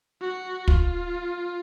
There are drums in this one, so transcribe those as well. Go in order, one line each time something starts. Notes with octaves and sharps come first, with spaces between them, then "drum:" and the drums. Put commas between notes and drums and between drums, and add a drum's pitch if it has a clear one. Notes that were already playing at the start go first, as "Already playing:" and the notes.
F#4
F4, drum: kick